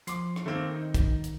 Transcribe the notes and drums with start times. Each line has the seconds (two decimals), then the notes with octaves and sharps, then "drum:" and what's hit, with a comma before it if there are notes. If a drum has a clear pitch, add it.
0.07 F3 C6 D6 C7, drum: hi-hat
0.36 drum: rim click
0.46 D#3 A3 A#3 C4
0.74 D#4
0.94 drum: kick, hi-hat
1.24 drum: hi-hat